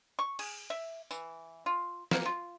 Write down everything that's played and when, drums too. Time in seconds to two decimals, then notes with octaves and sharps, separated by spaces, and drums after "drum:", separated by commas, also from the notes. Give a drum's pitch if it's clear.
0.19 C#6
0.39 G#4, drum: cymbal
0.70 E5
1.11 E3, drum: tambourine
1.66 F4
2.11 A#3, drum: snare
2.26 F4